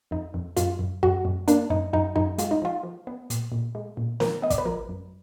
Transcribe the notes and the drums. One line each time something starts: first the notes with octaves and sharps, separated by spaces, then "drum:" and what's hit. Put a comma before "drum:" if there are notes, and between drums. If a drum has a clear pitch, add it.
F2 D#4
F2
F#2 F4, drum: hi-hat
F#2
F#2 F#4
F#2
A#3 D4, drum: hi-hat
F#2 D#4
F#2 D#4
F#2 D#4
G#3 F4, drum: hi-hat
D#4
F3 F4
F3
B3
A#2, drum: hi-hat
A#2
G#3
A#2
F3 A#4, drum: snare
B3 D#5
D5, drum: kick, hi-hat
B4
F3 A#4
F#2